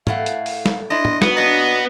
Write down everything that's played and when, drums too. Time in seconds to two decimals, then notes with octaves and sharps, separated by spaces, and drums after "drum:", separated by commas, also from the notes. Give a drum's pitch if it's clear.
0.07 A2 A3 F5 F#5, drum: tom
0.26 drum: hi-hat
0.46 drum: open hi-hat
0.66 drum: snare
0.90 D4 E4 D#5 C6
1.05 drum: tom
1.22 B3 F#4, drum: snare
1.37 A#2 D4 D#5